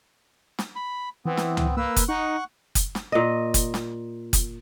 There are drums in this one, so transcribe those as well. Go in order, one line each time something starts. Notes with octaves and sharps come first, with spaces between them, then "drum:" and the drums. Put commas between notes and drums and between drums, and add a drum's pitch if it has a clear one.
drum: snare
B5
E3 B3 C4
drum: snare
drum: tom
A#3 B4 E6
drum: kick F#1, hi-hat
D#4 F#5 C#6 F#6
drum: kick F#1, hi-hat
drum: snare
A#2 D#5
drum: kick F#1, hi-hat
drum: snare
drum: kick F#1, hi-hat